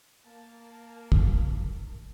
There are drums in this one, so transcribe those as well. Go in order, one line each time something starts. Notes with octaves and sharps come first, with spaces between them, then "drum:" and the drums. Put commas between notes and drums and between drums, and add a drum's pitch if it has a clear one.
A#3 A#4 A5
drum: kick